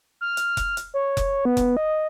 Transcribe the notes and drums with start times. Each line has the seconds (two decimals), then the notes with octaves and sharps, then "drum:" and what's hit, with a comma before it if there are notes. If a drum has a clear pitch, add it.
0.21 F6
0.37 drum: hi-hat
0.57 drum: kick F1, hi-hat
0.77 drum: hi-hat
0.94 C#5
1.17 drum: kick F1, hi-hat
1.45 B3
1.57 drum: kick F1, hi-hat
1.77 D#5